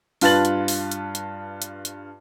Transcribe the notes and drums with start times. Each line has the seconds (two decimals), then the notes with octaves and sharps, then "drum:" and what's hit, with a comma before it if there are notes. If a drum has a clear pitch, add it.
0.21 G2 F4 B4 A5 A6 F#7, drum: open hi-hat
0.45 drum: hi-hat
0.68 drum: open hi-hat
0.92 drum: hi-hat
1.15 drum: hi-hat
1.62 drum: hi-hat
1.85 drum: hi-hat